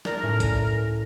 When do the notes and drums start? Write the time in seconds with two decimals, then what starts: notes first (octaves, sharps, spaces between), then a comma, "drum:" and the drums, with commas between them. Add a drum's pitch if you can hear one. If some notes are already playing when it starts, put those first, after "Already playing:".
0.05 A#4 D5, drum: snare
0.23 A2 C#4
0.40 drum: kick, hi-hat